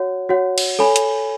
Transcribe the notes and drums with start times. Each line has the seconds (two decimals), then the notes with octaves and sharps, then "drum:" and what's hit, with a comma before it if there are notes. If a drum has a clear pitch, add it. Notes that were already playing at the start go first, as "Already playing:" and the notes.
Already playing: F#4 C#5 F#5
0.29 F#4 C#5 F#5
0.58 drum: cymbal
0.79 A4 C#5 G#5 B5
0.96 drum: hi-hat